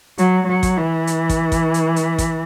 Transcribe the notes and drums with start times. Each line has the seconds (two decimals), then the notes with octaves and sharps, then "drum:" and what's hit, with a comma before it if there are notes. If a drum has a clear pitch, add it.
0.18 F#3, drum: hi-hat
0.48 F#3
0.63 drum: kick, hi-hat
0.77 E3
1.07 drum: hi-hat
1.29 drum: kick, hi-hat
1.52 drum: kick, hi-hat
1.74 drum: hi-hat
1.96 drum: hi-hat
2.18 drum: kick, hi-hat